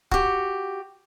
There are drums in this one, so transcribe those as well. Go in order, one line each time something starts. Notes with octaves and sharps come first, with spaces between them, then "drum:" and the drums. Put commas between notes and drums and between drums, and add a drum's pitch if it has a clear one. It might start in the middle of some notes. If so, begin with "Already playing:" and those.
F#4 G4, drum: kick C#1